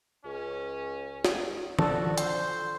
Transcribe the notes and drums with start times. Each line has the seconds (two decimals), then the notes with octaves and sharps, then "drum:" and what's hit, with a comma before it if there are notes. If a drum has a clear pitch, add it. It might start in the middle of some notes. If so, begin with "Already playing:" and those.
0.25 C#2 C#4
1.25 drum: snare
1.79 D3 F3 D4 F#4 A4, drum: tom
2.18 C5, drum: hi-hat